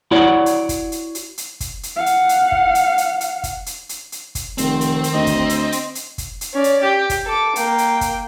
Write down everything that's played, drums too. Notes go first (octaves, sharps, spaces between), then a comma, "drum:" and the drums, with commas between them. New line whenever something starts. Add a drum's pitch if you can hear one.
E4 F#4 C#5 D5 F#5
drum: hi-hat
drum: kick, hi-hat
drum: hi-hat
drum: hi-hat
drum: hi-hat
drum: kick, hi-hat
drum: hi-hat
F5 F#5
drum: hi-hat
drum: hi-hat
drum: kick
drum: hi-hat
drum: hi-hat
drum: hi-hat
drum: kick, hi-hat
drum: hi-hat
drum: hi-hat
drum: hi-hat
drum: kick, hi-hat
F1 D#3 C4, drum: hi-hat
drum: hi-hat
drum: hi-hat
D2 D#5
drum: kick, hi-hat
drum: hi-hat
drum: hi-hat
drum: hi-hat
drum: kick, hi-hat
drum: hi-hat
C#4 D5
drum: hi-hat
G4
drum: kick, hi-hat
A4 D6
A#3 G5, drum: hi-hat
drum: hi-hat
drum: kick, hi-hat